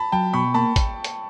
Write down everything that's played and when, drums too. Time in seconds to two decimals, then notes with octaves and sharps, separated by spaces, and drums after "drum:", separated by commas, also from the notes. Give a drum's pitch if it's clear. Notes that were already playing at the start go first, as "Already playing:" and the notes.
Already playing: A5 B5
0.12 F#3 G5 A5
0.33 B2 B5 C#6
0.54 A#3 A5 B5
0.76 drum: kick, hi-hat
1.04 drum: hi-hat